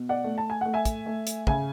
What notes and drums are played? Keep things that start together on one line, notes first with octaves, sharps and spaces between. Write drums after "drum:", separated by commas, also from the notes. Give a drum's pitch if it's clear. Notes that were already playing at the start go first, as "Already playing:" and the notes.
Already playing: B2
D5 F#5
A3
A5
G#5
A3 F#5
E5 G#5
drum: kick, hi-hat
A3
drum: hi-hat
C#3 E5 G#5, drum: kick